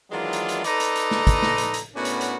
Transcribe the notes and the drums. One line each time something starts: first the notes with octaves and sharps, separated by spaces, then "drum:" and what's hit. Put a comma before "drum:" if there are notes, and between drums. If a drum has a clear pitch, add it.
D#3 E3 F#3 G#3 D4 F4
drum: hi-hat
drum: hi-hat
D#4 A4 B4 D5 D#5 A#5, drum: hi-hat
drum: hi-hat
drum: hi-hat
drum: snare
drum: kick, hi-hat
drum: snare
drum: hi-hat
drum: hi-hat
A2 B3 C#4 D4 F#4 A#4
drum: hi-hat
drum: hi-hat